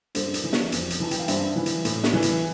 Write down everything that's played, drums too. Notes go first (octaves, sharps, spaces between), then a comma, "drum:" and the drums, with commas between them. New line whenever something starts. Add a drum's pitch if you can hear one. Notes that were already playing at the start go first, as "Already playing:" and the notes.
G2 A4 C5, drum: hi-hat
drum: hi-hat
E3
drum: snare
F2, drum: hi-hat
drum: hi-hat
E3 A5
G5, drum: hi-hat
F5
G2 C5 E5, drum: hi-hat
E3
drum: hi-hat
A2, drum: hi-hat
drum: snare
E3
drum: hi-hat